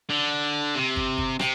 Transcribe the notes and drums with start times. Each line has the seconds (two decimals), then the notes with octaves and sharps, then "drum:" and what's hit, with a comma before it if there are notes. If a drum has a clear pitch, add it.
0.10 D3
0.75 C3
0.96 drum: kick
1.18 drum: kick
1.39 C3, drum: rim click